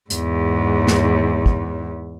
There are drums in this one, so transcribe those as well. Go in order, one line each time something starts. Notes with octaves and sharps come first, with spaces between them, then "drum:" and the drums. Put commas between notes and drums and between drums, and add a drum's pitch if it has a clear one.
E2 G#2, drum: hi-hat
drum: snare
drum: kick